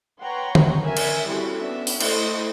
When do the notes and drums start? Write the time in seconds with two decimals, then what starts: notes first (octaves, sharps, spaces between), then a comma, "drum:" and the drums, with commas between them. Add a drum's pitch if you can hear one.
0.22 B4 C#5 F#5 G5 A#5 C6
0.55 drum: tom D3
0.82 C#4 A#4 E5 G#5
0.97 drum: cymbal
1.27 G3 C4 C#4 E4 F#4 A4
1.57 B3 C#4 D4 E5
1.87 drum: open hi-hat
2.00 A3 E4 C5 D#5, drum: cymbal